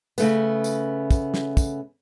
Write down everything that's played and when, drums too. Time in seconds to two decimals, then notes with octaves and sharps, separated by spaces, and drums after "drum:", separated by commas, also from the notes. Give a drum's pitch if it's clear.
0.18 C#3 A3 B3, drum: tambourine
0.64 drum: tambourine
1.11 drum: kick, tambourine
1.34 drum: snare
1.57 drum: kick, tambourine